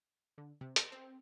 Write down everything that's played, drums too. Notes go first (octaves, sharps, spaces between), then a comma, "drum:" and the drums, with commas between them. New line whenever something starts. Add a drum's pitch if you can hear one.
D3
C3
drum: hi-hat
C4